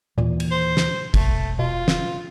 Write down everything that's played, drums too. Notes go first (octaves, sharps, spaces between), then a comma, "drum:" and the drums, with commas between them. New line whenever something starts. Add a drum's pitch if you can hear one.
D#2 A#2 E3
drum: cymbal
C5
drum: snare
E1 A3, drum: kick, cymbal
B2 F4
drum: snare